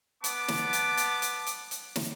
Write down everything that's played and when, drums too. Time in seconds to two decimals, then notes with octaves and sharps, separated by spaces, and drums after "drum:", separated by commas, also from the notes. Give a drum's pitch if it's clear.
0.24 B3 A5 D6, drum: hi-hat
0.48 drum: snare
0.73 drum: hi-hat
0.97 drum: hi-hat
1.22 drum: hi-hat
1.46 drum: hi-hat
1.71 drum: hi-hat
1.96 drum: snare